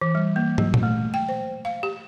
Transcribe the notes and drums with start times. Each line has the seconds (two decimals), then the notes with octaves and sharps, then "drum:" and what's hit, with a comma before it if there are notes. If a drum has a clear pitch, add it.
0.01 E3
0.15 G3
0.36 A#3
0.58 F#3, drum: tom
0.74 drum: tom A#2
0.83 A3
1.14 G5
1.29 C5
1.65 F5
1.83 G4